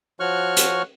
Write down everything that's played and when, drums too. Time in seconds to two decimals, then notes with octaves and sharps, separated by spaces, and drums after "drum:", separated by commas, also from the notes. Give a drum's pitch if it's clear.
0.20 F3 F#4 C#5 C#6 F6 F#6
0.57 drum: hi-hat